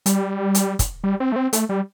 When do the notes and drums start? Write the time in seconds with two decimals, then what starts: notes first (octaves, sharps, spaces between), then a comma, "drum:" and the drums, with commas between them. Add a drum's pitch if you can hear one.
0.06 G3, drum: hi-hat
0.55 drum: hi-hat
0.79 drum: kick, hi-hat
1.04 G3
1.20 C4
1.32 A3
1.36 C4
1.53 A3, drum: hi-hat
1.69 G3